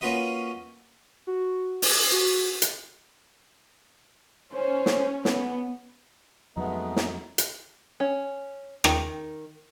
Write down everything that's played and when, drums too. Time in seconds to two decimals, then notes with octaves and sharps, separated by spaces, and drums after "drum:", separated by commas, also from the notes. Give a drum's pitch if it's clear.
0.01 A#3 C#4 F4 F#4 B4 D#5
1.27 F#4
1.82 drum: open hi-hat
2.12 F#4
2.62 drum: hi-hat
4.53 C#4 C5
4.86 drum: snare
5.25 B3, drum: snare
6.57 F2 F#3 G#3 A3 B3 D#4
6.96 drum: snare
7.38 drum: hi-hat
8.00 C#4
8.84 D#3, drum: rim click